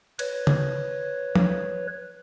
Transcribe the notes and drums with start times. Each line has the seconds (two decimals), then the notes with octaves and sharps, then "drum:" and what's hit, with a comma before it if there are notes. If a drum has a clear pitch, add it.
0.19 B4 C#5, drum: cymbal
0.47 drum: tom C#3
1.35 drum: tom